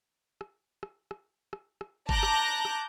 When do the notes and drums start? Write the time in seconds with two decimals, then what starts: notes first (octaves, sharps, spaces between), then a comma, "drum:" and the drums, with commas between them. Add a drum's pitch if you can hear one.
0.41 drum: rim click
0.83 drum: rim click
1.11 drum: rim click
1.53 drum: rim click
1.81 drum: rim click
2.09 A5 A#5 D6 F#6 G6 A#6, drum: kick G1
2.23 drum: rim click
2.65 drum: rim click